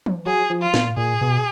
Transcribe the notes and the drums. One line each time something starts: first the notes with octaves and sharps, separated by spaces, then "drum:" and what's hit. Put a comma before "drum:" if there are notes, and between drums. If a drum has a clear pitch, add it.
drum: tom E3
F#3 G#4
F3
F4
A#2, drum: snare
A#2 G#4
B2